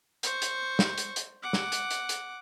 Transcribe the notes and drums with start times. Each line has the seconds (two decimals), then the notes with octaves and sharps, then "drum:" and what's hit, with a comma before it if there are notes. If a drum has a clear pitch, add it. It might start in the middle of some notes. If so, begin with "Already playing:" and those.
0.23 C5 C#6, drum: hi-hat
0.42 drum: hi-hat
0.79 drum: snare
0.98 drum: hi-hat
1.16 drum: hi-hat
1.43 F#5 D6
1.53 drum: snare
1.72 drum: hi-hat
1.91 drum: hi-hat
2.09 drum: hi-hat